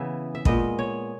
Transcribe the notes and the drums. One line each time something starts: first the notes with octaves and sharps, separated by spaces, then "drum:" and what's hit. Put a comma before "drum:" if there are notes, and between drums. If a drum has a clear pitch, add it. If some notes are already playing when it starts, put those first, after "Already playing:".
Already playing: C#3 E3 B3 E5
E5
A#2 G#3 B3 D#5, drum: kick
C#5